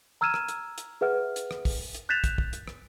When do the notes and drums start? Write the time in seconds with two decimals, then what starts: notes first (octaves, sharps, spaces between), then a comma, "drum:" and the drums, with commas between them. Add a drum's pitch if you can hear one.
0.21 A#5 E6 F6 G#6 D#7 E7
0.34 drum: rim click
0.48 drum: hi-hat
0.78 drum: hi-hat
1.01 G#4 B4 E5 F#5 F6
1.36 drum: hi-hat
1.51 drum: rim click
1.65 drum: kick, open hi-hat
1.94 drum: hi-hat
2.09 F#6 G6 A6 B6 E7 F7
2.24 drum: kick, hi-hat
2.38 drum: kick
2.53 drum: hi-hat
2.68 drum: rim click